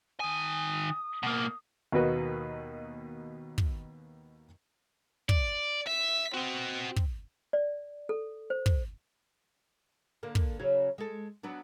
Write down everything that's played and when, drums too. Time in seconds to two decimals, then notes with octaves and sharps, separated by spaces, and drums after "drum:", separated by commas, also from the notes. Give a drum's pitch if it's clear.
0.20 D#3 G#5 D#6
1.23 B2 A#3
1.92 D#2 B2 A#3 F#4 B4 D#5
3.58 drum: kick
5.29 D5, drum: kick
5.87 E5 B6
6.34 C4 F#4 D#5
6.96 drum: kick
7.53 D5
8.09 A4
8.50 C5
8.66 drum: kick
10.23 D3 A#3
10.35 drum: kick
10.59 C#3 F#3 C#4
10.98 G#3 A4
11.43 F#3 B3 D4